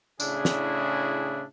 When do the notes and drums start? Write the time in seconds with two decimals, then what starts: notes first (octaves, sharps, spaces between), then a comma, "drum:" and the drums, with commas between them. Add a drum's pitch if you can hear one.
0.20 A2 C#3 D4 E4 G#4, drum: tambourine
0.45 drum: snare